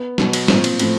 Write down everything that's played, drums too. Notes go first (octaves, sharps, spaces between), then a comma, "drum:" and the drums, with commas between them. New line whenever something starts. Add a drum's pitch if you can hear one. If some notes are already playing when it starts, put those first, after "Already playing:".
Already playing: B3
B2 F#3, drum: snare
drum: cymbal
A#2 F3 C4, drum: snare
drum: cymbal
A2 F3, drum: cymbal